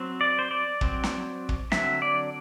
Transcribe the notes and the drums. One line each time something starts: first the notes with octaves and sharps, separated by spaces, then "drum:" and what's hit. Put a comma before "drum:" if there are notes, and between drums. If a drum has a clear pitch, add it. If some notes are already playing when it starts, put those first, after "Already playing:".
Already playing: F#3 C4
D5
C5
D5
F#3 C4, drum: kick
drum: snare
drum: kick
D3 F#3 C4 E5, drum: snare
D5